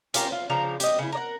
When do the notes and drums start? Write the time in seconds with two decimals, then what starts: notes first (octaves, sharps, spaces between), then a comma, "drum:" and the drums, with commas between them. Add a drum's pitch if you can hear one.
0.14 C#4 F4 G4 A#4, drum: hi-hat
0.32 F4
0.50 C#3 F3 D4 A#5
0.80 G4 D#5, drum: hi-hat
0.99 C#3 E4
1.12 A#4 D5 F#5